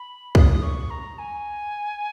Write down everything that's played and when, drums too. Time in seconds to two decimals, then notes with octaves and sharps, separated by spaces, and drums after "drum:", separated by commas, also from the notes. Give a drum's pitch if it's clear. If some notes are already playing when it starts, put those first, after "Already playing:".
Already playing: B5
0.35 D#6, drum: kick C2
0.63 C#6
0.90 A#5
1.19 G#5